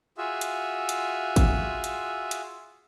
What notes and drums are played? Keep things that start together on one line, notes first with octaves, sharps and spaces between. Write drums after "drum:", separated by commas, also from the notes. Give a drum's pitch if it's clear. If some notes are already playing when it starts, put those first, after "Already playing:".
F4 F#4 G#4 E5
drum: hi-hat
drum: hi-hat
drum: kick G#1, hi-hat
drum: hi-hat
drum: hi-hat